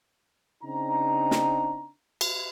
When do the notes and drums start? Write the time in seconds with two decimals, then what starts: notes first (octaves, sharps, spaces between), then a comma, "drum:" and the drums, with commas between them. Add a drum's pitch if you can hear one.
0.63 C#3 C4 D4 D#4 A#5
1.31 drum: snare
2.21 drum: cymbal